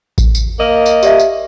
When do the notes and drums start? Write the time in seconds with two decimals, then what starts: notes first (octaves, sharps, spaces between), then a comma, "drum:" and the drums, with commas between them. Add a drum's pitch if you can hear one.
0.18 drum: kick A1, tambourine
0.35 drum: tambourine
0.58 A#3 D#5
0.86 drum: tambourine
1.03 G4 D5 E5, drum: tambourine
1.20 drum: tambourine